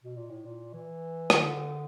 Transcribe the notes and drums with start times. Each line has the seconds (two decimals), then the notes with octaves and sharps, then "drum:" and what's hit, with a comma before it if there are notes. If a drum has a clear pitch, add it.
0.03 B2
0.16 A#2
0.30 A2
0.45 A#2
0.73 E3
1.30 D#3, drum: rim click
1.41 D3